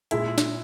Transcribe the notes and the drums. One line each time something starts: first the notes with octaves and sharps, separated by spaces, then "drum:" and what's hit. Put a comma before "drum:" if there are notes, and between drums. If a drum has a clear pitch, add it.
A#2 G#3 E4, drum: hi-hat
drum: snare